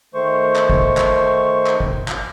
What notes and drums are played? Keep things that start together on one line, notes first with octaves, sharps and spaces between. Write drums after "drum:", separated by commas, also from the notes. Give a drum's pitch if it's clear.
D#3 A3 C5 C#6
drum: clap
drum: kick
drum: clap
drum: clap
drum: kick
drum: clap